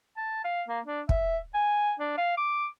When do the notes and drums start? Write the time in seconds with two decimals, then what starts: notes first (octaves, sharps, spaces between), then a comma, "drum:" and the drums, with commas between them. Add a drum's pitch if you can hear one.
0.17 A5
0.45 F5
0.68 A#3
0.86 D4
1.09 E5, drum: kick
1.54 G#5
2.00 D4
2.18 F5
2.37 D6